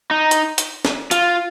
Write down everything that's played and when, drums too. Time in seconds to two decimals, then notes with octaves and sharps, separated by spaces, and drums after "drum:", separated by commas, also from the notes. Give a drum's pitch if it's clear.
0.11 D#4
0.31 drum: hi-hat
0.58 drum: hi-hat
0.85 drum: snare
1.11 F4, drum: hi-hat